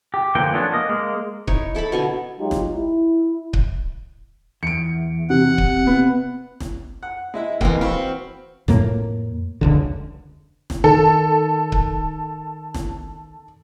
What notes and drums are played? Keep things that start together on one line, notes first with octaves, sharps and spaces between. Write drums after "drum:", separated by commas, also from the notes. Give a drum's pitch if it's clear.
G4
D3 E3 F3 A#3 G5
F3 A3 B3 C#4 D4
A#3 D#5
G#3 A#3
D#4 E4 C#5, drum: kick C#1
E4 A4 A5 B5
B2 D3 G#5
F#3 G#3 D#4 F4 G4
drum: snare
E4
drum: kick C#1
E2 C#7 D7
C3 F#5
drum: kick C#1
C3 B3
drum: snare
F#5
G#3 E4 E5
F2 B2 E3 G#3 A#3, drum: kick C#1
C4 F#4 F5 B5 C#6
F2 A2 A#3, drum: snare
E1 C#2 D3
drum: snare
D#3 A4
drum: kick C#1
drum: snare